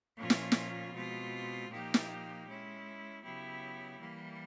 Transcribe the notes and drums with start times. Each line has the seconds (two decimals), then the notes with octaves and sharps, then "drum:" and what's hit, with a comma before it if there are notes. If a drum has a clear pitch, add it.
0.17 A#2 F3 A#3 C#4 F4
0.30 drum: snare
0.52 drum: snare
0.93 B2 G#3 C4 F4
1.69 A#2 F3 A#3 D#4 G4
1.94 drum: snare
2.47 G#3 C#4 E4
3.23 C#3 F#3 B3 E4 G4
3.99 E3 G3 A#3